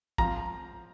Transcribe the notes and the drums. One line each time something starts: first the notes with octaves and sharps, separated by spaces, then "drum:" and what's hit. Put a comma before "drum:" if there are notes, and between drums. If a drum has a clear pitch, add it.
F3 A#5, drum: kick